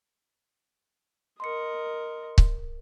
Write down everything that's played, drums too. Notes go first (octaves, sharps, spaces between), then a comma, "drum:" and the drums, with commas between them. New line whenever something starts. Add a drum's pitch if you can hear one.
A#4 D#5 C6 C#7
drum: kick C#1